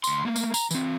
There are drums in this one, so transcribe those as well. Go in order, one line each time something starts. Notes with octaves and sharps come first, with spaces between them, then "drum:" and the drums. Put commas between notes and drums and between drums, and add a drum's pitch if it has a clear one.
D2 C6, drum: tambourine
A3 A#3
drum: tambourine
A#5, drum: tambourine
E3 C4, drum: tambourine